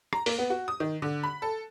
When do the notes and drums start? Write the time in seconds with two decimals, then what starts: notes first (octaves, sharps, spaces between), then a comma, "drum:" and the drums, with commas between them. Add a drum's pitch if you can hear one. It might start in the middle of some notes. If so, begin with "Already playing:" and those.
0.13 A#5, drum: rim click
0.26 A#3, drum: open hi-hat
0.39 B3
0.50 F#4
0.68 D#6
0.80 D#3
1.02 D3
1.23 B5
1.42 A4